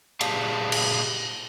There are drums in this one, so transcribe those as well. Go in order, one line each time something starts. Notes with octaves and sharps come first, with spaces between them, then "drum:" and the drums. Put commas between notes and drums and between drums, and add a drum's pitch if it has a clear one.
A#2 G4 G#4 D5 F5 A5, drum: cymbal
drum: cymbal